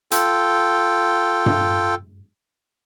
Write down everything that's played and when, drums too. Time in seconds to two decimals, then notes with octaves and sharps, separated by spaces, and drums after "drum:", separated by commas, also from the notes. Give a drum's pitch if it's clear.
0.11 F4 A4 G5, drum: hi-hat
1.46 drum: tom G2